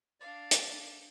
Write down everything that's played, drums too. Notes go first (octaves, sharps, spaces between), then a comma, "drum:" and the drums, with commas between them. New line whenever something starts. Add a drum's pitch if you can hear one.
D4 D5 F5
drum: hi-hat